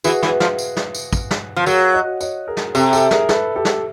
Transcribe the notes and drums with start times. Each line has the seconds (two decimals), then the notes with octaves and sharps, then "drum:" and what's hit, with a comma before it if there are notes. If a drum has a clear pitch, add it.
0.04 E3 F#4 G#4, drum: tambourine
0.23 E3, drum: snare
0.40 F3, drum: snare
0.58 drum: tambourine
0.76 drum: snare
0.95 drum: tambourine
1.13 drum: kick, tambourine
1.31 drum: snare
1.56 F3
1.66 F#3 G#4 A#4, drum: tambourine
1.94 C#5 D#5
2.21 C#5 D#5, drum: tambourine
2.47 G#4 A#4
2.57 drum: snare
2.75 C3 G4 A4, drum: tambourine
2.93 G4 A4, drum: tambourine
3.11 G#4 A#4, drum: snare
3.29 A4 B4, drum: snare
3.56 G4 A4
3.65 drum: snare